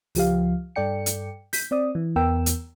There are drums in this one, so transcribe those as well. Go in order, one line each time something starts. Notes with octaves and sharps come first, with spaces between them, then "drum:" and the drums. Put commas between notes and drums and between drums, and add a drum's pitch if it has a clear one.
C#2 F3 G4 F5, drum: open hi-hat
G2 A4 D5 G5 C#7
drum: hi-hat
G6 B6, drum: open hi-hat
C4 D5 D#6
E3
E2 B3 A#4 G5 E6
drum: hi-hat